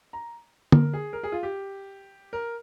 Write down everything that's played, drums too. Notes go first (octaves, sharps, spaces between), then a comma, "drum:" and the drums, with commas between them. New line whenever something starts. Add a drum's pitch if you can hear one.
A#5
A#4, drum: tom D3
G#4
A#4
G#4
F4
G4
A#4